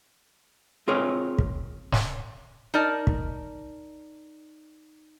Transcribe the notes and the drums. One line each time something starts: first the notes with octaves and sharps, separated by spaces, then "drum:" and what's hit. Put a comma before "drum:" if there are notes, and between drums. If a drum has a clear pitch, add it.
C4 F4 G#4 A#4 C#5
drum: kick
drum: snare
D#4 A#4 D5 A5
drum: kick